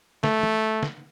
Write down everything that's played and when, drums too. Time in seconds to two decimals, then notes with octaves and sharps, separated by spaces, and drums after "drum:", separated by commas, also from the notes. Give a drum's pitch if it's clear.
0.24 A3, drum: snare
0.43 drum: tom
0.83 drum: snare